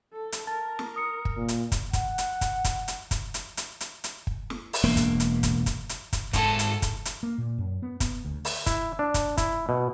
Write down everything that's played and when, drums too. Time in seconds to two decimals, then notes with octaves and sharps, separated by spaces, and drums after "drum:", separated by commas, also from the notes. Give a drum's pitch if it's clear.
0.13 A4
0.32 drum: hi-hat
0.47 A#4 A5 A6
0.79 drum: snare
0.96 D#6 C#7
1.25 drum: kick
1.37 A#2
1.48 drum: hi-hat
1.72 drum: kick, hi-hat
1.93 F#5, drum: kick, hi-hat
2.18 drum: hi-hat
2.41 drum: kick, hi-hat
2.64 drum: kick, hi-hat
2.88 drum: hi-hat
3.11 drum: kick, hi-hat
3.34 drum: hi-hat
3.57 drum: hi-hat
3.81 drum: hi-hat
4.04 drum: hi-hat
4.27 drum: kick
4.50 drum: snare
4.73 drum: open hi-hat
4.83 E1 A#3
4.97 drum: kick, hi-hat
5.20 drum: hi-hat
5.43 drum: kick, hi-hat
5.66 drum: kick, hi-hat
5.89 drum: hi-hat
6.13 drum: kick, hi-hat
6.33 G#2 A4 A5, drum: kick, hi-hat
6.59 drum: hi-hat
6.82 drum: kick, hi-hat
7.05 drum: hi-hat
7.23 A#3
7.38 A#2
7.58 F#2
7.82 B3
8.00 B3, drum: kick, hi-hat
8.25 D2
8.45 drum: open hi-hat
8.66 E4, drum: kick, hi-hat
8.99 D4
9.14 drum: kick, hi-hat
9.37 E4, drum: kick, hi-hat
9.69 B2